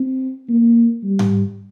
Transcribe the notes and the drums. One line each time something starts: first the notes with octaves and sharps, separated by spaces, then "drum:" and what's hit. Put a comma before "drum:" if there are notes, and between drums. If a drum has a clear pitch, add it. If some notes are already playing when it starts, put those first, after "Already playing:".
Already playing: C4
A#3
G3
drum: tom G#2